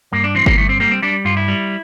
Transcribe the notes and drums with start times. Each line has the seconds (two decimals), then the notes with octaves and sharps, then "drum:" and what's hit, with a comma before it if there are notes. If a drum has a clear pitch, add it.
0.13 G2 A#3
0.24 D4
0.35 E3 C4
0.46 A#3, drum: kick G1
0.57 G2 A3
0.69 C4
0.80 G3 A#3
0.91 C4
1.02 G3 D4
1.25 G2 F4
1.37 E4
1.48 G3